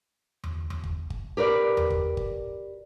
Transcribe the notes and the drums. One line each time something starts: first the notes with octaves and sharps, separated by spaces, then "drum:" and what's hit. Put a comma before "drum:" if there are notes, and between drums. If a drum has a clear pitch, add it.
drum: tom E2
drum: tom E2
drum: kick G1
drum: kick G1
G4 A#4 B4 D5
drum: tom E2
drum: kick G1
drum: kick G1